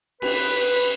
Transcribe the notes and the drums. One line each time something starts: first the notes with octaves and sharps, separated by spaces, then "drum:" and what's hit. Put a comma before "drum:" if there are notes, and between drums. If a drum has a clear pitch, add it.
B4, drum: cymbal